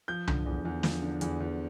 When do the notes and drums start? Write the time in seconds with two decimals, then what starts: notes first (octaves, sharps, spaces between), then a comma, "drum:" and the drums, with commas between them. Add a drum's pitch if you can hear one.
0.08 F3 G6
0.27 D3, drum: tom C2
0.46 E2
0.65 E2
0.83 F3, drum: snare
1.02 D3
1.21 E2, drum: hi-hat
1.40 E2